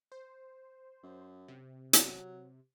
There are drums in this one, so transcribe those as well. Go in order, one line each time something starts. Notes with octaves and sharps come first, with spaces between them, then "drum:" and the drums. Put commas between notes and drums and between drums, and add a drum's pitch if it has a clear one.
C5
F#2
C3
F#3, drum: hi-hat